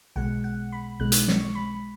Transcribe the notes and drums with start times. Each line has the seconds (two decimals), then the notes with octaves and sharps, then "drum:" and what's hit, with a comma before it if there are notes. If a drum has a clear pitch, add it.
0.16 B1 B2 G#3 F#5
0.44 F#5
0.72 B5
1.00 B1 B2 G#3 F#6
1.12 drum: hi-hat
1.28 C#6, drum: snare
1.55 B5